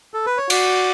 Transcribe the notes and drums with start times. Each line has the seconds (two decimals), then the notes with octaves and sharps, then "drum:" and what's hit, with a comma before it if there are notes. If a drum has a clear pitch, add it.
0.14 A4
0.26 B4
0.37 C#5
0.50 F#4 D5, drum: cymbal